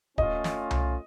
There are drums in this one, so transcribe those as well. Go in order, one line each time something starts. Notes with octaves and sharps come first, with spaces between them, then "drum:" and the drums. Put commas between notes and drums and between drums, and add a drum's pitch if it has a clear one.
A3 C#4 F4 D#5, drum: kick D1
drum: snare
drum: tom C2